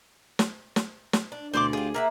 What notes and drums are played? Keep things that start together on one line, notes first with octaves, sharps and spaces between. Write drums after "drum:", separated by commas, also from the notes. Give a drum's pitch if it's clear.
drum: snare
drum: snare
drum: snare
D4
D2 B2 E3 C5 D5 C6 D6
F4 G4 G#4
A#3 E5 F#5